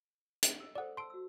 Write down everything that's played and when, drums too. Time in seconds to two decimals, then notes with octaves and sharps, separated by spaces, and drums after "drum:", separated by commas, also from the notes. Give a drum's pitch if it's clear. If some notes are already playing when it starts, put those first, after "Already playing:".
0.43 drum: hi-hat
0.60 D#5 E6
0.75 G#4 A4 C5 D5 F#5
0.97 A5 C6 E6 D7
1.10 F#4 E6